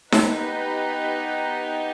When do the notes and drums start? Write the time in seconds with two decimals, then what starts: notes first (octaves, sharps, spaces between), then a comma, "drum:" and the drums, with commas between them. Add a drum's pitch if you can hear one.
0.12 B3 D#4 G4 B4, drum: snare D#4